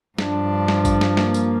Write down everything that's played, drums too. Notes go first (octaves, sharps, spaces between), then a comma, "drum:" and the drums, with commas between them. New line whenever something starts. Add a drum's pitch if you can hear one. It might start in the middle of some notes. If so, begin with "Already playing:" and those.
G2 F3 D4, drum: snare
drum: snare
drum: kick G#1, tambourine
drum: snare
A#3, drum: snare
drum: tambourine